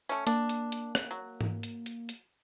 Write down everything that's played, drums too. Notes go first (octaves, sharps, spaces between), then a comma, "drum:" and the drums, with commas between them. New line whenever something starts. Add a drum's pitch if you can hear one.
A3 C#4
A#3 D4, drum: hi-hat
drum: hi-hat
drum: hi-hat
drum: rim click
F#3
drum: tom G#2
drum: hi-hat
drum: hi-hat
drum: hi-hat